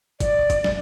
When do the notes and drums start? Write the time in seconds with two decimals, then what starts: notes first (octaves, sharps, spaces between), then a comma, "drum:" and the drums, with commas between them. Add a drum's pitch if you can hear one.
0.20 D5, drum: kick, hi-hat
0.50 drum: kick, hi-hat
0.64 drum: snare